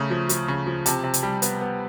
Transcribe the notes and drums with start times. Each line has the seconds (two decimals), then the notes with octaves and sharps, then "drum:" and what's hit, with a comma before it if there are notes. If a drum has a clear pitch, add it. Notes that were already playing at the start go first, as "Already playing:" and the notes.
Already playing: C#3 A3 A#5
0.10 F3
0.29 F3, drum: hi-hat
0.48 C#3
0.67 F3
0.86 C3 A5, drum: hi-hat
1.04 C3
1.14 drum: hi-hat
1.23 G3
1.42 B3, drum: hi-hat
1.61 B3